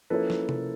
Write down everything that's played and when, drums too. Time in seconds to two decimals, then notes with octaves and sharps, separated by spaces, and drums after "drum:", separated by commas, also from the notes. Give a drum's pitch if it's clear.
0.10 F3 A#3 C#4 E4 A4 B4
0.30 drum: snare
0.49 drum: tom C3